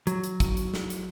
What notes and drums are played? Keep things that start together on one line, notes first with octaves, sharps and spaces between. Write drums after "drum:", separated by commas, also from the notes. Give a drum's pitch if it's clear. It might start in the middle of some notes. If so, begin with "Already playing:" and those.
F#3, drum: hi-hat
drum: hi-hat
drum: kick, hi-hat
drum: hi-hat
drum: snare
drum: hi-hat